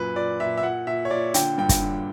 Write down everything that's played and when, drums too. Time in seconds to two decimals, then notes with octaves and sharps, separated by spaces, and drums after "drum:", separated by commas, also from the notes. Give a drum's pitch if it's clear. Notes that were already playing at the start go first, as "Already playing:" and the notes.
Already playing: F#2 A#2 B4
0.16 A#2 D5
0.40 A#2 E5
0.58 E5
0.63 A#2 F#5
0.87 A#2 E5
1.05 C#5
1.10 A#2 D5
1.34 D3 G5, drum: hi-hat
1.58 G2 G5
1.69 drum: kick, hi-hat
1.82 D3